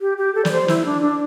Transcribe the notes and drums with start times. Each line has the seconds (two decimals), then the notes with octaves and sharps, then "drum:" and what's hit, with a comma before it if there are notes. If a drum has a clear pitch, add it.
0.01 G4
0.18 G4
0.35 A4
0.45 D5, drum: snare
0.52 C5
0.68 E4, drum: snare
0.85 D4
1.02 D4